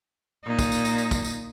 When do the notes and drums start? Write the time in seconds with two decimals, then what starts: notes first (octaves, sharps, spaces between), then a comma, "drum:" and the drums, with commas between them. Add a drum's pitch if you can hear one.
0.45 A#2 D#4
0.59 drum: kick, tambourine
0.72 drum: tambourine
0.85 drum: tambourine
0.98 drum: tambourine
1.11 drum: kick, tambourine
1.24 drum: tambourine